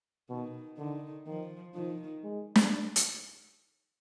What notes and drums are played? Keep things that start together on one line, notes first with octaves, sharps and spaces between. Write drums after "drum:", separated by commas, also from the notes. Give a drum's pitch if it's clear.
B2 D#3
D3 D#3
D#3 F3
D#3 F3
G#3
drum: snare
drum: hi-hat